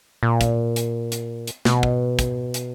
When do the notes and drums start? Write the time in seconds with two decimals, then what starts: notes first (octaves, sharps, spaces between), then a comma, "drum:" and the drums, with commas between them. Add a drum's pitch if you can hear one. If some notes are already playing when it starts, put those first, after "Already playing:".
0.23 A#2
0.41 drum: kick, hi-hat
0.76 drum: hi-hat
1.12 drum: hi-hat
1.47 drum: hi-hat
1.65 B2, drum: snare
1.83 drum: kick
2.19 drum: kick, hi-hat
2.54 drum: hi-hat